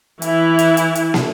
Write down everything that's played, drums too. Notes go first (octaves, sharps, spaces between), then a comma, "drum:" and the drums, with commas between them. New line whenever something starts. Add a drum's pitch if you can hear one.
E3 E4, drum: hi-hat
drum: hi-hat
drum: hi-hat
drum: hi-hat
drum: snare